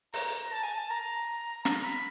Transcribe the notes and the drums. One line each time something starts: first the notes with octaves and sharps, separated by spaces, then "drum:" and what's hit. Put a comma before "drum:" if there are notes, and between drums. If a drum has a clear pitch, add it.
A#5, drum: open hi-hat
A5
G#5
A5
A#5
A#5, drum: snare
B5